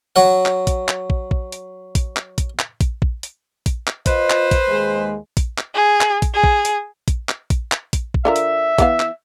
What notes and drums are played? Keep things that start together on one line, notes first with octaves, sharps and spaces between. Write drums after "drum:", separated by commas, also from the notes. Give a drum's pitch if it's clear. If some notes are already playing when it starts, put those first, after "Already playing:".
F#3 F#5
drum: clap
drum: kick, hi-hat
drum: clap
drum: kick
drum: kick
drum: hi-hat
drum: kick, hi-hat
drum: clap
drum: kick, hi-hat
drum: clap
drum: kick, hi-hat
drum: kick
drum: hi-hat
drum: kick, hi-hat
drum: clap
F4 B4 C5 D#5, drum: kick, hi-hat
drum: clap
drum: kick, hi-hat
D#2 G#3
drum: kick, hi-hat
drum: clap
G#4
drum: clap
drum: kick, hi-hat
G#4
drum: kick
drum: hi-hat
drum: kick, hi-hat
drum: clap
drum: kick, hi-hat
drum: clap
drum: kick, hi-hat
drum: kick
D3 F4 A#4 E5
drum: hi-hat
E3 B3 F5, drum: kick, hi-hat
drum: clap